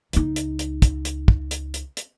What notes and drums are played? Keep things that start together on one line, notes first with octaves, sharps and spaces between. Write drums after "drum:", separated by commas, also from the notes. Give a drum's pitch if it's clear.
C#2 D#4, drum: hi-hat
drum: hi-hat
drum: hi-hat
drum: kick, hi-hat
drum: hi-hat
drum: kick
drum: hi-hat
drum: hi-hat
drum: hi-hat